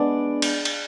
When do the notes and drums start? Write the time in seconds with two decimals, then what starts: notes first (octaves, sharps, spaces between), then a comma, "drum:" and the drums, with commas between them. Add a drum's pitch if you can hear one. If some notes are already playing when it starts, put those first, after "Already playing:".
Already playing: G#3 B3 D4 D5
0.42 drum: cymbal
0.65 drum: cymbal